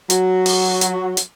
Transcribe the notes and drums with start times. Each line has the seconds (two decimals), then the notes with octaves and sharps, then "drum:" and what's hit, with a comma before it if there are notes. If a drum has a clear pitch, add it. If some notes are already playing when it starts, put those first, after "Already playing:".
0.10 F#3 F#4, drum: hi-hat
0.46 drum: open hi-hat
0.81 drum: hi-hat
1.17 drum: hi-hat